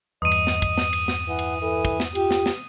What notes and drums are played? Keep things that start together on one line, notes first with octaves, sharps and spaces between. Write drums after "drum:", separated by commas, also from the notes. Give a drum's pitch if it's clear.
E2 G2 D#5 D#6 D#7
drum: cymbal
drum: snare
drum: kick, cymbal
drum: snare
drum: cymbal
drum: snare
E3 F#5
drum: cymbal
E3 A4
drum: kick, cymbal
drum: snare
F4 G4, drum: cymbal
drum: snare
drum: snare